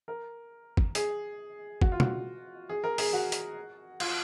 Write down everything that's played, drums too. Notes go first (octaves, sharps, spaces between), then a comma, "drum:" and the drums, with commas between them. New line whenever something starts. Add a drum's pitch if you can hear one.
A#4
drum: kick
G#4, drum: hi-hat
F#4, drum: kick
F4
F#4, drum: tom B2
G#4
A#4
G#4, drum: open hi-hat
F#4
drum: hi-hat
F4, drum: cymbal